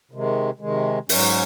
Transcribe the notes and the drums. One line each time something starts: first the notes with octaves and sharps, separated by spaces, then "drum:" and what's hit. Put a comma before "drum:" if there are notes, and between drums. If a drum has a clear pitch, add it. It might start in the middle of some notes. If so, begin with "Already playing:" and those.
C3 D#3 G#3
C3 D#3 G#3
G#2 F#3 C#4, drum: open hi-hat